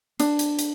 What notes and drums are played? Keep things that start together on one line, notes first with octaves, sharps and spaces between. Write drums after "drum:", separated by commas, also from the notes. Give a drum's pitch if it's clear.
D4, drum: hi-hat
drum: hi-hat
drum: hi-hat